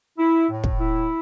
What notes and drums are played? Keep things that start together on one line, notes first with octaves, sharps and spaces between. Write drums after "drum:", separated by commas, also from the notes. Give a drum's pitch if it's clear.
E4
A2
drum: kick
E4